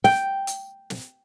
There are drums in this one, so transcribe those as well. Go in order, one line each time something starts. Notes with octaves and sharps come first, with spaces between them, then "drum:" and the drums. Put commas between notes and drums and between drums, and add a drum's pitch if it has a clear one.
G5, drum: snare
drum: hi-hat
drum: snare